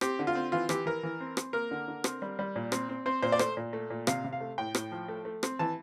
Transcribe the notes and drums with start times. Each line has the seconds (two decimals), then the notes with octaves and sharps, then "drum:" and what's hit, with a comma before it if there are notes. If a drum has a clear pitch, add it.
0.01 C4 G4, drum: rim click
0.19 D3
0.27 F4
0.35 C4
0.52 E3 F4
0.69 E3 G4, drum: rim click
0.86 E3 A#4
1.03 E3
1.20 C4
1.37 C4, drum: rim click
1.53 A#3 A#4
1.71 D3
1.88 D3
2.04 C4, drum: rim click
2.22 G3
2.39 G3
2.56 A#2
2.72 C4, drum: rim click
2.89 C4
3.06 C4 C5
3.22 A#2 C5
3.32 D5
3.39 A3 C5, drum: rim click
3.57 A#2
3.73 A3
3.90 A#2
4.07 C3 F5, drum: rim click
4.24 C3
4.33 F5
4.40 A3
4.58 A2 G5
4.75 A2, drum: rim click
4.92 F3
5.08 A3
5.25 A3
5.43 C4, drum: rim click
5.59 E3 A5